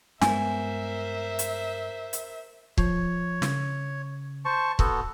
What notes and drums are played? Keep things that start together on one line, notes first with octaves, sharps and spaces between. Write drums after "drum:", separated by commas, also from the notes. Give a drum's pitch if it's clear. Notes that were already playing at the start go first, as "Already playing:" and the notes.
G2 G#3 B3 A#4 C5 E5 G#5, drum: snare
drum: hi-hat
drum: hi-hat
F3 C#5, drum: kick
C#3, drum: snare
C5 A5 C#6
B3 F#4 A4, drum: kick